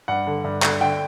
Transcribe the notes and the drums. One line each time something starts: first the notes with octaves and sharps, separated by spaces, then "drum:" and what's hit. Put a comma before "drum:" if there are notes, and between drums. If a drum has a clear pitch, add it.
G2 F#5
D3
G2
D3, drum: clap
D3 G5